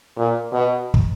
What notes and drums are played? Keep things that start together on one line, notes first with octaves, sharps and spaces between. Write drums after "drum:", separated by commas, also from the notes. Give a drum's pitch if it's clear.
A#2
B2
drum: kick